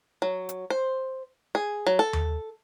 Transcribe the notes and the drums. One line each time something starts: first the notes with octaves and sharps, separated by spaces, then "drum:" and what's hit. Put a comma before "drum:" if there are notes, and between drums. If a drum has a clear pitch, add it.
F#3
drum: hi-hat
C5
G#4
F#3
A4
drum: tom D#2